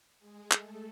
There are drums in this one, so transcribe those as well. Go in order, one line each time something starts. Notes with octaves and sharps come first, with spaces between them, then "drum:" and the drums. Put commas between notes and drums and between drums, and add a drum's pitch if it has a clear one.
G#3 G#4
A3 A4, drum: clap